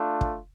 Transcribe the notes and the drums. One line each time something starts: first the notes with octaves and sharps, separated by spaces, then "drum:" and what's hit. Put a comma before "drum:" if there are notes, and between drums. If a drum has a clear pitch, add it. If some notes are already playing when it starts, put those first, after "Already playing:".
Already playing: A3 D4 F4
drum: kick